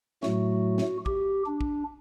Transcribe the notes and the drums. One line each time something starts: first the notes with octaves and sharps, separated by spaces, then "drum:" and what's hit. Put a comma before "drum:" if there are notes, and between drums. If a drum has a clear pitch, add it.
A2 F#3 A3 F#4, drum: snare
drum: snare
G4, drum: kick
D4
drum: kick